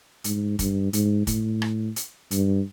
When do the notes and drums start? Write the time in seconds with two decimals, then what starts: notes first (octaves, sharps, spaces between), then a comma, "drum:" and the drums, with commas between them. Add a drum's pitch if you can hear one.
0.24 G#2, drum: hi-hat
0.59 G2, drum: kick, hi-hat
0.93 G#2, drum: hi-hat
1.27 A2, drum: kick, hi-hat
1.62 drum: rim click
1.96 drum: hi-hat
2.31 G2, drum: hi-hat